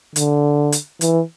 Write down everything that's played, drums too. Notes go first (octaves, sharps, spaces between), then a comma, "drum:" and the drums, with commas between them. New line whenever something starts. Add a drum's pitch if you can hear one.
D3, drum: hi-hat
drum: hi-hat
E3, drum: hi-hat